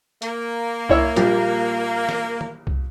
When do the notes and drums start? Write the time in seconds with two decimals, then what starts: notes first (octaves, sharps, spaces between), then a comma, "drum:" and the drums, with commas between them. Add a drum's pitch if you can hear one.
0.22 A#3, drum: hi-hat
0.89 E4 C#5 E6, drum: kick C2
1.16 A#1 F3 G3, drum: hi-hat
2.09 drum: snare
2.41 drum: tom
2.67 drum: kick C2